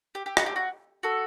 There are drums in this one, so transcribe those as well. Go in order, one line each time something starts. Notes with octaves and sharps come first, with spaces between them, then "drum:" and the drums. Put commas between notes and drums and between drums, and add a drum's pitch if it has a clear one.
G4
G4
F#4, drum: rim click
G4
F#4
F#4 A4